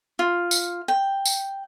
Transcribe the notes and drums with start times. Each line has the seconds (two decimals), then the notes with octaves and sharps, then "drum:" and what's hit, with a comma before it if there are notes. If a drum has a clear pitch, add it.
0.19 F4
0.51 drum: tambourine
0.88 G5
1.25 drum: tambourine